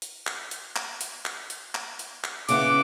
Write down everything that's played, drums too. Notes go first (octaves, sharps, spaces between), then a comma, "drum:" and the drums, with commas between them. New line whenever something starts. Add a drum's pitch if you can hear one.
drum: hi-hat
drum: clap
drum: hi-hat
drum: clap
drum: hi-hat
drum: clap
drum: hi-hat
drum: clap
drum: hi-hat
drum: clap
C#3 B3 E4 D6, drum: hi-hat